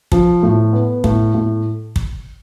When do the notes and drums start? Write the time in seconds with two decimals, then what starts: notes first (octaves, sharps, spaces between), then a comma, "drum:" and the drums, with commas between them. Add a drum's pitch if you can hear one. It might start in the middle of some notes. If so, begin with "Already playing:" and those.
0.12 F3, drum: kick
0.43 A2
0.73 B3
1.04 A2, drum: kick
1.34 A2
1.96 drum: kick